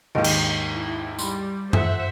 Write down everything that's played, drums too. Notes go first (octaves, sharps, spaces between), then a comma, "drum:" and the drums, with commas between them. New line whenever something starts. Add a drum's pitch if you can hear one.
D#2 G#2 D#3 D#5 F5
drum: cymbal
E4
G3 B5 C6, drum: tambourine
F4 A4 C5 E5 F#5, drum: tom F#2